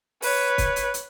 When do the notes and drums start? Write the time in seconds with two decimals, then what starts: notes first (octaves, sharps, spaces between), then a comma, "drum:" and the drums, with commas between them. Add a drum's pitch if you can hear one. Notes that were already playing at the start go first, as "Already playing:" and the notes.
0.22 B4 C#5, drum: open hi-hat
0.58 drum: kick, hi-hat
0.76 drum: hi-hat
0.94 drum: hi-hat